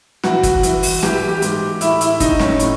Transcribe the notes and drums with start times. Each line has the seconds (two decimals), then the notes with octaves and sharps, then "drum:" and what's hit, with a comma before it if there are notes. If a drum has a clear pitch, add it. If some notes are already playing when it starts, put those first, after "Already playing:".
0.24 E3 F#4, drum: snare
0.43 drum: kick, hi-hat
0.63 E3, drum: hi-hat
0.83 drum: open hi-hat
1.03 E3 G4, drum: snare
1.29 G4
1.42 G#2, drum: hi-hat
1.81 A2 E4, drum: hi-hat
2.01 E4, drum: hi-hat
2.20 A2 D#4, drum: kick, hi-hat
2.40 C#4, drum: snare
2.60 A2, drum: hi-hat